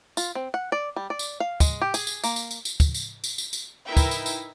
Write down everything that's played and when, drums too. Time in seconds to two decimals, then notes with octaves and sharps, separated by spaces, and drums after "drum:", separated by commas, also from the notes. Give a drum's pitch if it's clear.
0.17 F4, drum: tambourine
0.35 C4
0.54 F#5
0.72 D5
0.96 G3
1.10 D5
1.19 drum: tambourine
1.40 F5
1.60 G#3, drum: kick, tambourine
1.82 G4
1.94 G#4, drum: tambourine
2.07 drum: tambourine
2.24 A#3, drum: tambourine
2.36 drum: tambourine
2.51 drum: tambourine
2.65 drum: tambourine
2.80 drum: kick, tambourine
2.94 drum: tambourine
3.24 drum: tambourine
3.38 drum: tambourine
3.53 drum: tambourine
3.86 D#4 E4 A#4 B4 E5 G5
3.97 drum: kick, tambourine
4.11 drum: tambourine
4.26 drum: tambourine